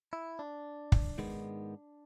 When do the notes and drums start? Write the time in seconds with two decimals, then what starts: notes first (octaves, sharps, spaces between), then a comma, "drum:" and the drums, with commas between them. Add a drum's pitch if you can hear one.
0.13 E4
0.39 D4
0.92 drum: kick
1.18 G#2 D#3 G#3 B3